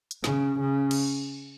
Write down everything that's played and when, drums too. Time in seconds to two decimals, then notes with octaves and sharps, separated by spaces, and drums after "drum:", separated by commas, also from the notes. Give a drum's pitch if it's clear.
0.11 drum: hi-hat
0.24 C#3, drum: snare
0.60 C#3
0.91 drum: cymbal